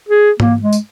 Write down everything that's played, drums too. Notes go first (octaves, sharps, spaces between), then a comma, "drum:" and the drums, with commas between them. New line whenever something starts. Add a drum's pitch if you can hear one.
G#4
A#3, drum: tom G#2
G#3
drum: tambourine